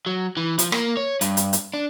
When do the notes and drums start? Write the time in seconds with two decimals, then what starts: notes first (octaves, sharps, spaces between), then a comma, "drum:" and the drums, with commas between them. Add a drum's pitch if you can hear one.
0.06 F#3
0.37 E3
0.59 F3, drum: hi-hat
0.72 A#3, drum: rim click
0.97 C#5
1.21 G2, drum: hi-hat
1.37 drum: hi-hat
1.53 drum: hi-hat
1.74 D4